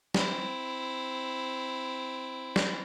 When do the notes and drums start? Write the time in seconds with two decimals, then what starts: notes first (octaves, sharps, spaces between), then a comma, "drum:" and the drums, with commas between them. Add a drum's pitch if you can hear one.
0.14 C4 E4, drum: snare
2.56 drum: snare